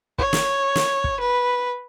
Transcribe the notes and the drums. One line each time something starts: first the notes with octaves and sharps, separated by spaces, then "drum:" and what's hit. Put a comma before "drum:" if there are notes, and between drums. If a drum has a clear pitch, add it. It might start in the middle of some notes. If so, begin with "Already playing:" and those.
C#5, drum: kick
drum: snare
drum: snare
drum: kick
B4